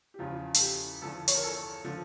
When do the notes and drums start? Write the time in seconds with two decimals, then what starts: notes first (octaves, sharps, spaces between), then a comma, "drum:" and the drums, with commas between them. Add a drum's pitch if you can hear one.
0.14 G4
0.19 E2 C#3 F3 F4
0.54 A4, drum: hi-hat
0.60 G4
1.02 E2 D3 F3 A4
1.28 C#5, drum: hi-hat
1.35 A#4
1.43 A4
1.84 D3 F3